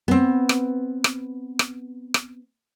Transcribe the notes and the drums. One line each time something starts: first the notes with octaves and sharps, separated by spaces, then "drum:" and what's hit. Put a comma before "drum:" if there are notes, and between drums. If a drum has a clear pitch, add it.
B3 C4
drum: rim click
drum: rim click
drum: rim click
drum: rim click